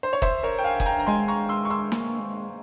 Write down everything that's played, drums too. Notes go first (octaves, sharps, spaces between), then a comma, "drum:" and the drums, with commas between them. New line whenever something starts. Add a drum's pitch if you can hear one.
C5
C#5
C5 E5, drum: kick
A#4 C#5
G5
F5 G#5
G#5, drum: kick
G5 A#5
A#5
G#3 G#5 C6
A#5 C#6
C6 E6
C#6
C6 E6
A#3, drum: snare
G#3